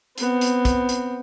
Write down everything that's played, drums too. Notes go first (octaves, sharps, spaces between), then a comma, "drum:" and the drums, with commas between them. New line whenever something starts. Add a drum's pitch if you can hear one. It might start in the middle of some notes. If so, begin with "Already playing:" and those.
B3 C4, drum: hi-hat
drum: hi-hat
drum: kick, hi-hat
drum: hi-hat